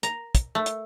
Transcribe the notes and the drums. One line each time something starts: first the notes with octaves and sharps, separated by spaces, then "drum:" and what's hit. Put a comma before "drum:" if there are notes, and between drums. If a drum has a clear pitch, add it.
A#5, drum: hi-hat
drum: kick, hi-hat
A3
drum: hi-hat